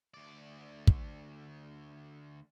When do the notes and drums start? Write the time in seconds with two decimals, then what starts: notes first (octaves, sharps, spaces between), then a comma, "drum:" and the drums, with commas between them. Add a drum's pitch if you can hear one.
0.14 D2 D5
0.87 drum: kick